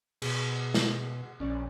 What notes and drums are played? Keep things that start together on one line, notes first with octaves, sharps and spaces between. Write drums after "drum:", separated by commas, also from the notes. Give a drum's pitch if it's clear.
B2 G#4, drum: cymbal
drum: snare
A#1 C#4 D5